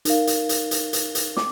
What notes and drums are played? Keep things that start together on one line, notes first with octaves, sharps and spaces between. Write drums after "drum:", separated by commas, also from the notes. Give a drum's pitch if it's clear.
D#4 A#4 F5, drum: hi-hat
drum: hi-hat
drum: hi-hat
drum: hi-hat
drum: hi-hat
drum: hi-hat
D6, drum: snare